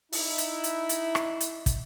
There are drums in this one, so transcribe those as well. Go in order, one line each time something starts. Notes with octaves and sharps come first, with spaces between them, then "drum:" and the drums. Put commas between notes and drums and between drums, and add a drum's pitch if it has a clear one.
D#4 E4, drum: open hi-hat
drum: hi-hat
drum: hi-hat
drum: hi-hat
drum: rim click
drum: hi-hat
drum: kick, hi-hat